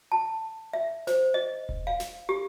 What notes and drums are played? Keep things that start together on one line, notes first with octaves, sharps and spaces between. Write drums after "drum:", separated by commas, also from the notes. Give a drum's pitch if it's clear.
A5
E5
C5, drum: snare
D#5
drum: kick E1
F5
drum: snare
G4